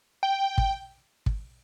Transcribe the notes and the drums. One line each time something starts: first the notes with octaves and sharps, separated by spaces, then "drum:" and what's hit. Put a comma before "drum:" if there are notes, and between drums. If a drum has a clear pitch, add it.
G5
drum: kick
drum: kick